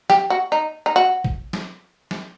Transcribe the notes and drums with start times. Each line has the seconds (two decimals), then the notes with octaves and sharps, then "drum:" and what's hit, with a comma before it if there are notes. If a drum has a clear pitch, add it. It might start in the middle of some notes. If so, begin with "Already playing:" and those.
0.10 G4, drum: snare
0.30 F#4
0.52 D#4
0.86 D#4
0.96 F#4
1.24 drum: kick A1
1.53 drum: snare
2.11 drum: snare